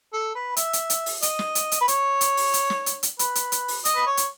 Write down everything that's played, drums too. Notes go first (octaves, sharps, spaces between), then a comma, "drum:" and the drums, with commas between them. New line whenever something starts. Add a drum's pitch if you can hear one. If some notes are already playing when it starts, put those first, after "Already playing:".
A4
B4
E5, drum: hi-hat
drum: hi-hat
drum: hi-hat
drum: open hi-hat
D#5, drum: hi-hat
drum: snare
drum: hi-hat
drum: hi-hat
B4
C#5, drum: hi-hat
drum: hi-hat
drum: open hi-hat
drum: hi-hat
drum: snare
drum: hi-hat
drum: hi-hat
B4, drum: hi-hat
drum: hi-hat
drum: hi-hat
drum: open hi-hat
D#5, drum: hi-hat
B4
C#5
drum: hi-hat